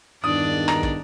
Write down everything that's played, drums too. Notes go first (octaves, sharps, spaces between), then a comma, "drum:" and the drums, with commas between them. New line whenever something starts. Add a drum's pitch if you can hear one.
E2 G2 D#3 D4 D5 D#6
A#5, drum: rim click
drum: kick